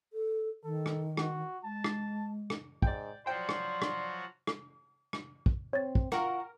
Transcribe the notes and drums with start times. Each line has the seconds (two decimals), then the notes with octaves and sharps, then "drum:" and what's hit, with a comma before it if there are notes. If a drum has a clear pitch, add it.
0.13 A4
0.64 D#3 A4
0.86 drum: rim click
1.17 F#4, drum: rim click
1.64 G#3 A5
1.84 drum: rim click
2.50 drum: rim click
2.82 G#2 D5 G5, drum: kick
3.26 F3 F#3 F#4 C5 D5 G5 C6
3.49 drum: rim click
3.82 drum: rim click
4.47 drum: rim click
5.13 drum: rim click
5.46 drum: kick
5.73 C4 C#5 A6
5.95 drum: kick
6.12 F4 F#4 A#4, drum: rim click